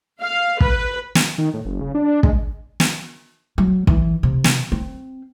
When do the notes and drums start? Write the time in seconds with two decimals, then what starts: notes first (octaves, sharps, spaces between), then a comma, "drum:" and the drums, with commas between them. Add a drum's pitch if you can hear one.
0.21 F5
0.60 B4, drum: kick
1.15 drum: snare
1.38 D#3
1.54 A2
1.65 F#1
1.81 C#3
1.94 D4
2.08 D4
2.23 G#3, drum: kick
2.80 drum: snare
3.58 F#3
3.87 E3, drum: kick
4.23 C3
4.44 drum: snare
4.72 C4